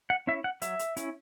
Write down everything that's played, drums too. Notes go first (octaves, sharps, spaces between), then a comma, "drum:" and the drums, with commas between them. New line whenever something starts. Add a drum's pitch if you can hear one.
F#5
C#4 E4 E5
F#5
F#3 E5, drum: hi-hat
drum: hi-hat
C#4 E4, drum: hi-hat